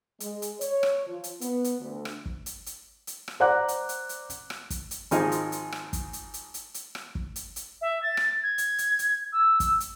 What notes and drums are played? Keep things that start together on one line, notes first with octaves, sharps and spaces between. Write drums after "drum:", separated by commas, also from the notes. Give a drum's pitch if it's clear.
G#3, drum: hi-hat
drum: hi-hat
C#5, drum: hi-hat
drum: rim click
F3
drum: hi-hat
B3, drum: hi-hat
drum: hi-hat
D2
drum: rim click
drum: kick
drum: hi-hat
drum: hi-hat
drum: hi-hat
drum: rim click
C5 D5 F#5 A#5 D6 F#6
drum: hi-hat
drum: hi-hat
drum: hi-hat
drum: hi-hat
drum: rim click
drum: kick, hi-hat
drum: hi-hat
G#1 F3 G#3 D#4 G#5, drum: hi-hat
drum: hi-hat
drum: hi-hat
drum: rim click
drum: kick, hi-hat
drum: hi-hat
drum: hi-hat
drum: hi-hat
drum: hi-hat
drum: rim click
drum: kick
drum: hi-hat
drum: hi-hat
E5
A6
drum: rim click
G#6
drum: hi-hat
drum: hi-hat
drum: hi-hat
E6
drum: kick, hi-hat
drum: hi-hat